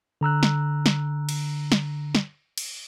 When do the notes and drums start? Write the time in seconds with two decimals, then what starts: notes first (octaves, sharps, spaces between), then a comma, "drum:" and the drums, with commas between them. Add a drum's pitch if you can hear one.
0.21 D3 A#5 E6 F#6
0.43 drum: snare
0.86 drum: snare
1.29 drum: cymbal
1.72 drum: snare
2.15 drum: snare
2.58 drum: cymbal